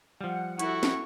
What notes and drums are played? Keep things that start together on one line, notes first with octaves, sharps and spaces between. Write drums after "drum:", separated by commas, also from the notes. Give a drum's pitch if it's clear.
F3 G3 F#5
E4 F#4 A4 C#6, drum: hi-hat
drum: snare C4